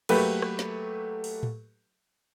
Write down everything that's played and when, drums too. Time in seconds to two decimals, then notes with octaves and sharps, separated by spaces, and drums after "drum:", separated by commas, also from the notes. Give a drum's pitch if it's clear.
0.09 F#3 A3 A#3 G4 B4, drum: cymbal
0.42 drum: rim click
0.59 drum: snare
1.24 drum: open hi-hat
1.43 drum: tom A2